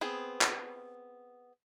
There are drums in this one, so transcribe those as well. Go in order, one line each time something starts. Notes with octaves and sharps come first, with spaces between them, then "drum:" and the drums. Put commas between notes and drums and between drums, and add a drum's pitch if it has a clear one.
B3 C4 G#4
drum: clap